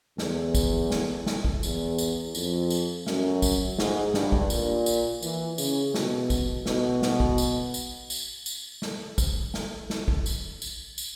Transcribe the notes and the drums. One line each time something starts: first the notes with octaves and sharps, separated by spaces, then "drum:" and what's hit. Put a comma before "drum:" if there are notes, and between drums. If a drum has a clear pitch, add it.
E2, drum: snare
drum: kick, tambourine
drum: snare
drum: snare
drum: kick
E2, drum: tambourine
drum: tambourine
F2, drum: tambourine
drum: tambourine
F#2, drum: snare
drum: kick, tambourine
G#2, drum: snare
G2, drum: snare
drum: kick
A#2, drum: tambourine
drum: tambourine
E3, drum: tambourine
C#3, drum: tambourine
B2, drum: snare
drum: kick, tambourine
B2, drum: snare
drum: snare
drum: kick
drum: tambourine
drum: tambourine
drum: tambourine
drum: tambourine
drum: snare
drum: kick, tambourine
drum: snare
drum: snare
drum: kick
drum: tambourine
drum: tambourine
drum: tambourine